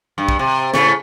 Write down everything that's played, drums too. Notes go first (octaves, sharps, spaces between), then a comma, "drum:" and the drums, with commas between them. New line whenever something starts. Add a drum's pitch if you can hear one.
G2
drum: kick
C3
A2 C#3 A3, drum: snare